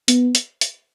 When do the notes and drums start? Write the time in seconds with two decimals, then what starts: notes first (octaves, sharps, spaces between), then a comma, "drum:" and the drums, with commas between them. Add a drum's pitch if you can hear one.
0.08 B3, drum: hi-hat
0.35 drum: hi-hat
0.61 drum: hi-hat